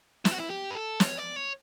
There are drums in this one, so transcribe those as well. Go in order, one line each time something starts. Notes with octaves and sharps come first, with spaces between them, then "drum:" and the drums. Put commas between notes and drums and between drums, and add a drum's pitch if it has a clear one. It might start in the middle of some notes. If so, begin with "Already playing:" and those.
E4, drum: snare
F#4
E4
G4
B4
A4
C#5, drum: snare
D5
C#5